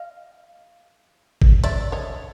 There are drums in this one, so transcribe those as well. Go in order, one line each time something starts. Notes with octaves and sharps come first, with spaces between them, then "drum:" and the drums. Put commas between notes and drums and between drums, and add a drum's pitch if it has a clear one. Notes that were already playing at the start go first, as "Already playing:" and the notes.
Already playing: D#5 F5
drum: kick G1
D5 E5, drum: hi-hat
C#5 D#5